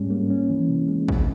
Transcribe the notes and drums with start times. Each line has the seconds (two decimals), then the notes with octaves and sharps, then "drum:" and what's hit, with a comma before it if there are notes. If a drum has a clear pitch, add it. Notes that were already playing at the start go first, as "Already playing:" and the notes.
Already playing: G#2 G3 G#3 C#4
0.10 A#3
0.30 C#4
0.50 E3
0.69 C3
0.88 G#3
1.08 E2, drum: kick